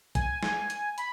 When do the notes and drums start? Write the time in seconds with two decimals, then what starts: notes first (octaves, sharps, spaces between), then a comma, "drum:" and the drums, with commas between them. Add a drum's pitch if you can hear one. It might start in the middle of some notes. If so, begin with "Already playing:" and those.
0.15 G#5, drum: kick, hi-hat
0.43 drum: snare
0.70 drum: hi-hat
0.98 B5, drum: hi-hat